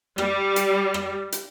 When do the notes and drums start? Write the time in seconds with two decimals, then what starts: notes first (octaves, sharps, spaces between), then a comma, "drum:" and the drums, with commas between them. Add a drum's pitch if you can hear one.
0.18 G3, drum: rim click
0.56 drum: hi-hat
0.94 drum: rim click
1.32 drum: hi-hat